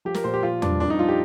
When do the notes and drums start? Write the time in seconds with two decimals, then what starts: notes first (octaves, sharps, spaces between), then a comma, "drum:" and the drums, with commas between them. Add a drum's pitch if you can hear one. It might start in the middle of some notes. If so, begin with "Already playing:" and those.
0.05 F3 G4
0.14 A#4, drum: snare
0.24 A#2 C5
0.34 G4
0.43 F3 F4
0.62 G2 D4, drum: tom E2
0.80 F2 D4
0.90 D#4
0.99 F3 F4
1.08 G4